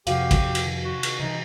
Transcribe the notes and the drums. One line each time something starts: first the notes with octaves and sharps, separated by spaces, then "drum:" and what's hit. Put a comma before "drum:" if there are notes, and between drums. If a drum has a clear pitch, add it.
F2 C3 F#4 G4 F5, drum: cymbal
drum: kick, cymbal
drum: cymbal
D#3
F#4
drum: cymbal
C3 E3 D#4